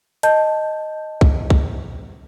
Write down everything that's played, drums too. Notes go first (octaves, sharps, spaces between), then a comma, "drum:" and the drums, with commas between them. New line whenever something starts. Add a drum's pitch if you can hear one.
D#5 A5 G6, drum: hi-hat
drum: kick
drum: kick